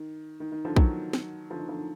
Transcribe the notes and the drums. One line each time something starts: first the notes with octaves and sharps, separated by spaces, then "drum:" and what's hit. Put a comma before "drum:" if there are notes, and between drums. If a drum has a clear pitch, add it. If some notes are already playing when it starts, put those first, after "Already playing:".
Already playing: D#3
D#3
D#3
D3 F3
D#3 F#3, drum: kick
drum: snare
D3 F3
D#3
D3 F3
D#3